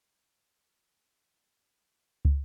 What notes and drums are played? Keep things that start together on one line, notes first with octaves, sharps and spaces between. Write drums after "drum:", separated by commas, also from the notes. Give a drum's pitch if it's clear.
D3
E3
F#3
drum: kick